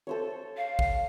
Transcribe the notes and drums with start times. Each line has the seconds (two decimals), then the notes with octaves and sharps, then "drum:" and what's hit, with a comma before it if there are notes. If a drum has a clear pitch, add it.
0.07 A4 C5 C#5
0.57 F5
0.79 drum: kick